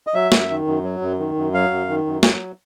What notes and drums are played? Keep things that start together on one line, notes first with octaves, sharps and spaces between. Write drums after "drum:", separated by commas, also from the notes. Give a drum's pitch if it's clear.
D#5
F#3 E5
F#2, drum: snare
D#3
F#2
F#3
F#2
D#3
F#2
F#3 F5
F#2
D#3
F#2
F#3, drum: snare